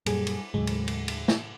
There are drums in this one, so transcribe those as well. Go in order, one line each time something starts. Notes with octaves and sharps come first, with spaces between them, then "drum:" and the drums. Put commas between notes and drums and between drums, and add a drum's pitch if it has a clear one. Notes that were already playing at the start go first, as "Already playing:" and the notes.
F#2 A#2 G3 G#4, drum: cymbal
drum: cymbal
D#2 A2 C#3 F#3 G#3
drum: cymbal
drum: cymbal
drum: cymbal
drum: snare